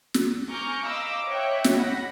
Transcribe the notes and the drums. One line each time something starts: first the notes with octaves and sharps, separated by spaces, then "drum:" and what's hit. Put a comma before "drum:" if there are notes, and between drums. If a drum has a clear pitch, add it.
drum: snare
G#5 A#5 C#6 D6 F6 G6
D#5 F5 A#5 B5 D6 E6
C#5 D#5 E5 G5 F#6
drum: snare
F#5 B5 A#6